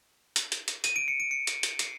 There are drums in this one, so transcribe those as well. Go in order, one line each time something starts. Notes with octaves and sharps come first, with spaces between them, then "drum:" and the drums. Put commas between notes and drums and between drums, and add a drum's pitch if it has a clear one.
drum: hi-hat
drum: hi-hat
drum: hi-hat
D#7, drum: hi-hat
D7
C#7
D7
C#7
drum: hi-hat
drum: hi-hat
C7, drum: hi-hat